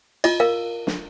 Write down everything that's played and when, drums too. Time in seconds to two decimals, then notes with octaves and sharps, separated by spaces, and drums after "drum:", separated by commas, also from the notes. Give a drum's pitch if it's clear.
0.24 F4 D#5, drum: cymbal
0.40 A#4 F5
0.87 drum: snare